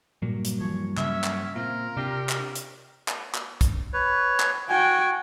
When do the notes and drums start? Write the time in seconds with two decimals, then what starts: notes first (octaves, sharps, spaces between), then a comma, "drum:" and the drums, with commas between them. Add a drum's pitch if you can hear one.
0.22 G2 A#2 F#3 A#3
0.45 drum: hi-hat
0.60 E3 F3 C#5
0.97 C#3 C#4 E5, drum: clap
1.24 drum: clap
1.55 A#2 C4 F4 A#4
1.97 C3 D4 F4 G4
2.29 drum: clap
2.55 drum: hi-hat
3.08 drum: clap
3.34 drum: clap
3.61 drum: kick, hi-hat
3.93 B4 C#5
4.40 drum: clap
4.69 F#4 G5 G#5